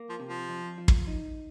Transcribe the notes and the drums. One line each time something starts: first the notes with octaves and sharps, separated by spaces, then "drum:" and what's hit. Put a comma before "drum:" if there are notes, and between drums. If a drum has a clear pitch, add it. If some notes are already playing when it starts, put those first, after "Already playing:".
Already playing: A#3
F3
C3
F3
F2
F3
drum: kick
D#4